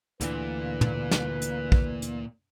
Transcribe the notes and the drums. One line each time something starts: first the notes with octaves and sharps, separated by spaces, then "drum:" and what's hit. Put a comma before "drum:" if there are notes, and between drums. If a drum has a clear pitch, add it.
D2 A#2 D3 E3 B4, drum: hi-hat
drum: tom
drum: snare
drum: hi-hat
drum: kick
drum: hi-hat